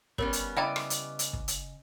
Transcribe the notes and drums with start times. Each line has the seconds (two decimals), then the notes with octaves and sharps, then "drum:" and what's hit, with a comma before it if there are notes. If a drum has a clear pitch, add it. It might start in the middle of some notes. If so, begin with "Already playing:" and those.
0.18 G3 B3 C#4 A#4 C#5, drum: kick
0.33 drum: hi-hat
0.57 C#3 E4 G4 D5 D#5 F5 G5 A#5
0.76 drum: rim click
0.90 drum: hi-hat
1.19 drum: hi-hat
1.33 drum: kick
1.48 drum: hi-hat